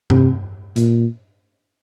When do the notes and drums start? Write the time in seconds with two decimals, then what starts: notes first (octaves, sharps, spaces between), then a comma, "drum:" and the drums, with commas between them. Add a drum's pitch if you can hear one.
0.10 C3, drum: tom G2
0.76 A#2, drum: hi-hat